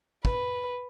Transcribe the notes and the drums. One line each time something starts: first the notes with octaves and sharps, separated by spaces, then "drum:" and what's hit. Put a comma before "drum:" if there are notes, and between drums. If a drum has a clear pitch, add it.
B4, drum: kick